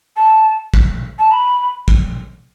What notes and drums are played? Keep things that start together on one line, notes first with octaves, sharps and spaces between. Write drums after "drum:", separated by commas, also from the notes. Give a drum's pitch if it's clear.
A5
drum: kick
A5
B5
drum: kick